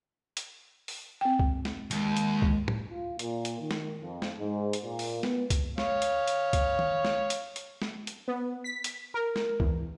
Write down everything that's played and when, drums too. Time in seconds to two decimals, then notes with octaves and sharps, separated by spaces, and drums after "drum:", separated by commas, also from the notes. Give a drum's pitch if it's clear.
0.37 drum: hi-hat
0.88 drum: open hi-hat
1.21 C4 G5
1.40 drum: kick C#2
1.65 drum: snare
1.91 D#2 G#3, drum: hi-hat
2.17 drum: hi-hat
2.42 drum: kick C#2
2.68 drum: tom
2.90 F4
3.19 A#2, drum: hi-hat
3.45 drum: hi-hat
3.60 D#3
3.71 drum: snare
4.01 F2
4.22 drum: snare
4.39 G#2
4.73 drum: hi-hat
4.83 A#2
4.99 drum: open hi-hat
5.23 B3, drum: snare
5.50 drum: kick C#2, hi-hat
5.78 C#5 F5, drum: snare
6.02 drum: hi-hat
6.27 drum: hi-hat
6.53 drum: kick C#2, hi-hat
6.79 drum: tom D#3
7.05 drum: snare
7.30 drum: hi-hat
7.56 drum: hi-hat
7.82 drum: snare
8.07 drum: hi-hat
8.28 B3
8.64 B6
8.84 drum: hi-hat
9.14 A#4
9.36 drum: snare
9.60 E2, drum: kick C#2